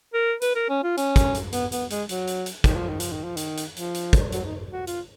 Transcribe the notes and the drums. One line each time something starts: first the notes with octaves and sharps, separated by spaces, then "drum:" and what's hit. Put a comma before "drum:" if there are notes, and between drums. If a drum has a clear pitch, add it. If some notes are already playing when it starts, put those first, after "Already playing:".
A#4
B4, drum: hi-hat
A#4
C#4
F4
C#4, drum: hi-hat
drum: kick, hi-hat
drum: hi-hat
B3, drum: hi-hat
B3, drum: hi-hat
G#3, drum: hi-hat
F#3, drum: hi-hat
drum: hi-hat
drum: hi-hat
D#3, drum: kick, hi-hat
F3
D#3
F3, drum: hi-hat
D#3
F3
D#3, drum: hi-hat
drum: hi-hat
F3, drum: hi-hat
drum: hi-hat
drum: kick, hi-hat
F#3, drum: hi-hat
D#4
F#4
F4, drum: hi-hat